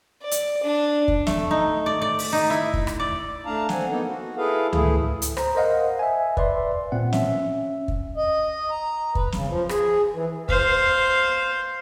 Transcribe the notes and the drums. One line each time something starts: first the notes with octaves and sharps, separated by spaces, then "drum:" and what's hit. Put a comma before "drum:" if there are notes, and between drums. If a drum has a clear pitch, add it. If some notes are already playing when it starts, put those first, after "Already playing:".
D5
drum: hi-hat
D4
drum: kick
A3, drum: snare
D#4
D5
D5
drum: open hi-hat
D#4
E4
drum: kick
drum: rim click
D5
A3 D4 F5 A5 A#5
C4 F#5 G#5, drum: snare
A#3 B3 D#4 A4
F#4
E4 G#4 A4 B4 F5
A3 E4 G#4, drum: tom C#2
drum: hi-hat
C5 A#5, drum: rim click
A#4 C5 D#5 F5 F#5
E5 G#5
B4 D5 E5 C6, drum: kick
A#2 C4 F#5
C#4 E5, drum: snare
drum: kick
D#5
A#5
B4, drum: kick
C#3, drum: snare
F3
G#4, drum: rim click
E3
C5 F5, drum: kick